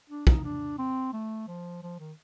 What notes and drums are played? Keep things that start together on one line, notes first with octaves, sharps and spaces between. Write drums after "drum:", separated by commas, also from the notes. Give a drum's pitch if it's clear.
D4
D#4, drum: kick
D4
C4
A3
F3
F3
D#3